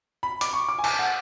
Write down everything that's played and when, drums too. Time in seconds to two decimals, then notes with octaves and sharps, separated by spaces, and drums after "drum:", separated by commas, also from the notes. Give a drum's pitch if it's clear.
0.23 B5
0.41 D6, drum: hi-hat
0.53 C#6
0.69 D6
0.79 G#5
0.84 A5, drum: cymbal
0.99 F#5